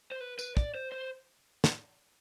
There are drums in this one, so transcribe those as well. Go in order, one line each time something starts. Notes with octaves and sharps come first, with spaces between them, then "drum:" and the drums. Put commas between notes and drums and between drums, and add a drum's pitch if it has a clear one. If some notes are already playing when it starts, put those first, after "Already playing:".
C5
B4
B4, drum: tambourine
D5, drum: kick
C5
C5
drum: snare